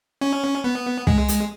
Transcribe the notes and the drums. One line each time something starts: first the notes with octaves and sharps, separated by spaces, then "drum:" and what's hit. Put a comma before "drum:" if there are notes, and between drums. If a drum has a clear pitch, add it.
C#4
B3
G#3, drum: kick
drum: hi-hat